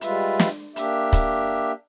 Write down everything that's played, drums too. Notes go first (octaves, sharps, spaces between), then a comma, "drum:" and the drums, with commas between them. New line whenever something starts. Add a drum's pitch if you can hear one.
G3 G#3 F4 B4 E5, drum: hi-hat
drum: snare
A#3 D4 G4 E5, drum: hi-hat
drum: kick, hi-hat